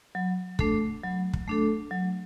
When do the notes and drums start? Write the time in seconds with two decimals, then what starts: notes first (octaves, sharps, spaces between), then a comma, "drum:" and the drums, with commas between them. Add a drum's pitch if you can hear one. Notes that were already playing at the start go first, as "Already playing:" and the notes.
0.15 F#3
0.59 A3 D4 A4, drum: kick
1.04 F#3
1.33 drum: kick
1.48 A3 D4 A4
1.91 F#3